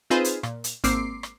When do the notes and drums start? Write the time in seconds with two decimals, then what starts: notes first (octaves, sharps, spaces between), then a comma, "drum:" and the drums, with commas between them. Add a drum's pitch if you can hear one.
0.10 C4 D#4 F4 G#4 B4 C5
0.24 drum: hi-hat
0.43 A#2, drum: rim click
0.64 drum: hi-hat
0.84 G#1 A#3 C4 D6 C7, drum: hi-hat
1.23 drum: rim click